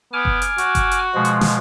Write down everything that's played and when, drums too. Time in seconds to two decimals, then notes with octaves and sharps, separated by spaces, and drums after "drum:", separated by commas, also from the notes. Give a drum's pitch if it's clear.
0.13 B3 G#5 D6 F6
0.25 drum: kick F#1
0.42 drum: hi-hat
0.58 F#4, drum: hi-hat
0.75 drum: kick F#1, hi-hat
0.91 drum: hi-hat
1.14 B2 F3 G#3
1.25 drum: hi-hat
1.41 drum: snare